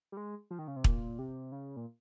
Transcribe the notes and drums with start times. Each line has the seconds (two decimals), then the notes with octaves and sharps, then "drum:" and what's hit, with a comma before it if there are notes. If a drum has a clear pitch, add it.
0.12 G3
0.17 G#3
0.51 F3
0.59 D#3
0.68 C#3
0.76 C3
0.84 A#2, drum: kick
1.19 C3
1.52 C#3
1.77 A#2